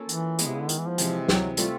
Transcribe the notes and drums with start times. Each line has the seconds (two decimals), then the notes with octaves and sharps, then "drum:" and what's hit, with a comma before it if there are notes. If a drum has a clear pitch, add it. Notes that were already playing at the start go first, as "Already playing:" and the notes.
Already playing: A#3 C#4 F4 A4
0.09 E3, drum: hi-hat
0.39 G#3 B3 E4, drum: hi-hat
0.47 C3
0.54 C#3
0.61 D3
0.69 D#3, drum: hi-hat
0.78 E3
0.89 F3
0.98 C3 E3 G#3, drum: hi-hat
1.29 F#3, drum: snare
1.57 G3 A3 C4 F4 A4, drum: hi-hat